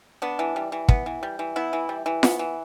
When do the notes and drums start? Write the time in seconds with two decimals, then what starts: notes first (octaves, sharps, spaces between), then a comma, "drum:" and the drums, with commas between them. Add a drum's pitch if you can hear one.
0.22 B3 D4
0.39 E3
0.56 G3
0.72 E3
0.89 B3, drum: kick
1.06 E3
1.23 G3
1.39 E3
1.56 B3 E4
1.73 E3
1.89 G3
2.06 E3
2.23 B3, drum: snare F4
2.39 E3